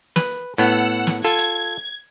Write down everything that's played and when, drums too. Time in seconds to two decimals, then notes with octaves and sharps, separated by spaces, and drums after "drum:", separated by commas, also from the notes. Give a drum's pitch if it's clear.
0.16 B4, drum: snare
0.58 A2 B3 F#5 E6
1.07 drum: snare
1.24 F4 A4 G#6
1.38 drum: hi-hat